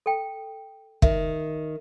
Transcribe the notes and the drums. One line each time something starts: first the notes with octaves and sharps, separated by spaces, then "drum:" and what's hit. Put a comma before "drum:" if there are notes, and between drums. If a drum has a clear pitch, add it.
A4 G5
D#3 E5, drum: kick